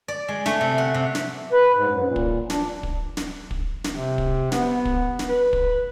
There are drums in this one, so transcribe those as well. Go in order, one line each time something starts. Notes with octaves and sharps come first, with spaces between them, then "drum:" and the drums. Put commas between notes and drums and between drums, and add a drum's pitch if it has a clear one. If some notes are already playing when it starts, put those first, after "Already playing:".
D5
G#3
A3, drum: snare
C3
F#5
C3
drum: snare
B4
G#2
F#2
A#2
drum: kick
D4, drum: snare
drum: kick
drum: snare
drum: kick
drum: snare
C3
drum: kick
B3, drum: snare
drum: kick
drum: snare
B4
drum: kick